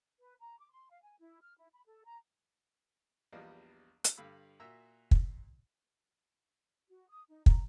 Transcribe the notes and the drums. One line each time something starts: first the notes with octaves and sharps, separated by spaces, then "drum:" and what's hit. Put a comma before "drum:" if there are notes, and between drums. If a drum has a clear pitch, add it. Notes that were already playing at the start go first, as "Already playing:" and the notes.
B4
A#5
D6
C6
F5
G#5
E4
F6
E4
B5
A4
A#5
A#1 E2 G3 B3 F4 D#5
drum: hi-hat
G2 D3 F5 B5 E6
A#2 F#4 E5 A#5 E6
drum: kick
F#4
D#6
D#4
A#5, drum: kick